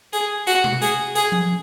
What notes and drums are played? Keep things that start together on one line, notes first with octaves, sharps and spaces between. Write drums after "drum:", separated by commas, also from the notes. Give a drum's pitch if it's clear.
G#4, drum: hi-hat
F#4, drum: hi-hat
drum: tom B2
G#4, drum: hi-hat
G#4, drum: hi-hat
drum: tom F3